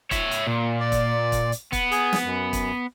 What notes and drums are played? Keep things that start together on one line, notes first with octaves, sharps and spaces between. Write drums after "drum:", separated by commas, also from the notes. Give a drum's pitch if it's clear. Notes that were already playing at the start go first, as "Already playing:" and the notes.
C#5 E5, drum: kick, hi-hat
drum: hi-hat
A#2
D5
drum: kick, hi-hat
drum: kick, hi-hat
drum: hi-hat
B3, drum: kick, hi-hat
G#4, drum: hi-hat
drum: snare
F#2
drum: kick, hi-hat